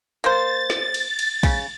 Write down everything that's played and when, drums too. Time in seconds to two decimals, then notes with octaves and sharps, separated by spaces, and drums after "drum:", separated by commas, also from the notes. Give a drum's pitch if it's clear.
0.24 A#3 C5 A6
0.70 drum: snare
0.94 drum: cymbal
1.19 drum: cymbal
1.43 C#3, drum: kick, cymbal